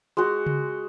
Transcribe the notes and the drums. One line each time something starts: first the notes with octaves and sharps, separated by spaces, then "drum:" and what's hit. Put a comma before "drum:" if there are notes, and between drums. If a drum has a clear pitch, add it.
G#3 F#4
drum: tom C#3